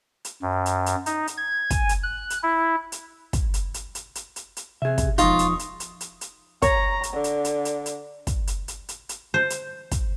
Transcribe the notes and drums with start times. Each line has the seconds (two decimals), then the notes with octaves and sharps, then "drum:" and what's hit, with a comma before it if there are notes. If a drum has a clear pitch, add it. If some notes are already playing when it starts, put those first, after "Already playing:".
0.25 drum: hi-hat
0.42 F#2
0.66 drum: hi-hat
0.86 drum: hi-hat
1.06 D#4, drum: hi-hat
1.27 drum: hi-hat
1.37 G#6
1.70 G#5, drum: kick, hi-hat
1.89 drum: hi-hat
2.03 F#6
2.30 drum: hi-hat
2.43 E4
2.92 drum: hi-hat
3.33 drum: kick, hi-hat
3.54 drum: hi-hat
3.74 drum: hi-hat
3.95 drum: hi-hat
4.15 drum: hi-hat
4.36 drum: hi-hat
4.57 drum: hi-hat
4.82 C3 G#4 E5
4.98 drum: kick, hi-hat
5.18 E1 F3 D#4 F4 C#6 D#6, drum: hi-hat
5.39 drum: hi-hat
5.59 drum: hi-hat
5.80 drum: hi-hat
6.01 drum: hi-hat
6.21 drum: hi-hat
6.62 C#5 A#5, drum: kick, hi-hat
7.03 drum: hi-hat
7.14 D3
7.24 drum: hi-hat
7.45 drum: hi-hat
7.65 drum: hi-hat
7.86 drum: hi-hat
8.27 drum: kick, hi-hat
8.47 drum: hi-hat
8.68 drum: hi-hat
8.89 drum: hi-hat
9.09 drum: hi-hat
9.34 C5
9.50 drum: hi-hat
9.91 drum: kick, hi-hat